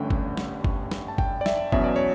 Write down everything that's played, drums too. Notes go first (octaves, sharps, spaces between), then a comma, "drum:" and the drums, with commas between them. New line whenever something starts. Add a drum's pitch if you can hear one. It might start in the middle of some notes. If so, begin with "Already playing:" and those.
Already playing: G1 G2 D3 A3 C#4 F#5 G5
drum: kick G1
drum: snare
drum: kick G1
drum: snare
A5
G5, drum: kick G1
D5
E5, drum: snare
E2 B2 F#3 C#4 E5, drum: kick G1
D5
C#5